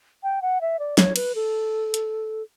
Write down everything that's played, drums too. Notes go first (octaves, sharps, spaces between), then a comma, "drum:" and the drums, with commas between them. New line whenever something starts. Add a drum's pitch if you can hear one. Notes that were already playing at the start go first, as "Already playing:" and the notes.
G5
F#5
E5
D5
C#5, drum: snare
B4, drum: cymbal
A4
drum: hi-hat